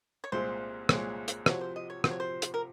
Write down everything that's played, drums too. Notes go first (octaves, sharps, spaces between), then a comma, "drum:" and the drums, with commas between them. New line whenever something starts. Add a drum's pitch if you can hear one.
C#5
C2 A#2 G#3 C4 C5
C2 A#2 G#3 C4 C#5, drum: rim click
drum: hi-hat
C3 F3 C4 F#4 C#5, drum: rim click
C5
D#5
C#5
C3 F3 C4 F#4 C5, drum: rim click
C#5
C5
drum: hi-hat
A#4